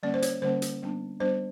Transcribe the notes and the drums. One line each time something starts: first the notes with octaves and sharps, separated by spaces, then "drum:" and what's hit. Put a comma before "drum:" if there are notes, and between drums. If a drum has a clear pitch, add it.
D3 G3 A#3 C#4 D5
C5
C#5, drum: hi-hat
D3 G3 A#3 C#4 C5
drum: hi-hat
G3 B3 D4
G3 B3 D4 C5